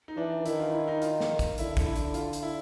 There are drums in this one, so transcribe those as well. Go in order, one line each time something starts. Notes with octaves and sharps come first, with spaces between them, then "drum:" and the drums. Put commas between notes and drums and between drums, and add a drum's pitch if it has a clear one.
D#4
E3 D4
D#3 E4, drum: hi-hat
F4
E4
D#4
F4, drum: hi-hat
drum: snare
drum: kick, hi-hat
D3 E4, drum: hi-hat
drum: kick, hi-hat
E4
drum: hi-hat
F4, drum: hi-hat
drum: hi-hat
E4